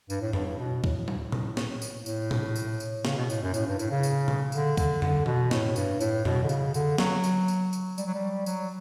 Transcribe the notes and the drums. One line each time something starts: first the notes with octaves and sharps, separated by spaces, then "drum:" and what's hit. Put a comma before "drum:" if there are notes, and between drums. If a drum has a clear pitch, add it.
G2, drum: tambourine
A2
G2, drum: tom F2
G2
B2
A2, drum: kick D2
drum: tom F#3
drum: tom A#2
drum: snare
drum: tambourine
A2, drum: tambourine
drum: tom A#2
drum: tambourine
drum: tambourine
C#3, drum: snare
B2
A2, drum: tambourine
F#2
A2, drum: tambourine
G2
A2, drum: tambourine
C#3
drum: tambourine
drum: tom A#2
D3, drum: tambourine
D3, drum: kick D2, tambourine
D3, drum: tom F2
B2, drum: tom
A2, drum: snare
G2, drum: tambourine
A2, drum: tambourine
B2, drum: tom F2
D3
C#3, drum: tambourine
D3, drum: tambourine
F#3, drum: snare
drum: tambourine
drum: tambourine
drum: tambourine
G3, drum: tambourine
F#3
G3
F#3, drum: tambourine